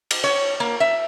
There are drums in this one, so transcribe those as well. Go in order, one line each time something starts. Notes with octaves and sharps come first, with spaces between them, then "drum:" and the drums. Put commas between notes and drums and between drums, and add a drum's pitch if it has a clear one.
drum: cymbal
C#5
A#3
E5